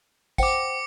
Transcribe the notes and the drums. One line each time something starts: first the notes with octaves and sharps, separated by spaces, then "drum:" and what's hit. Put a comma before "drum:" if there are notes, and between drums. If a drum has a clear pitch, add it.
C5 F#5 G5 D6 C#7, drum: kick, tambourine